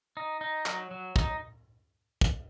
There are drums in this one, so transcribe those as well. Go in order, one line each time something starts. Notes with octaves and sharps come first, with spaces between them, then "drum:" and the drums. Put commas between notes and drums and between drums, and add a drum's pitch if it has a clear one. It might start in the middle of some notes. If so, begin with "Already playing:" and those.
D#4
D#4
F#3, drum: clap
F#3
D#4, drum: kick
drum: kick